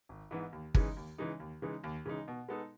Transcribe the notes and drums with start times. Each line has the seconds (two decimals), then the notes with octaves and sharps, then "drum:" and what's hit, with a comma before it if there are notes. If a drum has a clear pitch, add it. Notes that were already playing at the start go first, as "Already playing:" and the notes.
0.09 G#1
0.31 G#2 E3 B3
0.53 D#2
0.75 C#3 E3 G#3 D#4, drum: kick G1
0.97 D#2
1.18 C#3 E3 G#3 D#4
1.40 D#2
1.62 C#3 E3 G#3 D#4
1.84 D#2
2.06 C#3 E3 G#3 D#4
2.28 B2
2.49 G#3 B3 D#4 A4